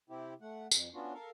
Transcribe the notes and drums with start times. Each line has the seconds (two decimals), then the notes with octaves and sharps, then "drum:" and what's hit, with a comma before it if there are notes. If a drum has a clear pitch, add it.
0.10 C3 C4 E4 G4
0.41 A3 F#5
0.71 F2, drum: tambourine
0.94 B3 C#4 D4 F4 F#4
1.14 A4 A#4 F5